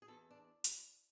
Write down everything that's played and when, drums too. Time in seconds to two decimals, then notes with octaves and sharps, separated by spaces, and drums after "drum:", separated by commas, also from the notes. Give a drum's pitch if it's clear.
0.02 G#4
0.08 E2 A4
0.30 D4
0.64 drum: hi-hat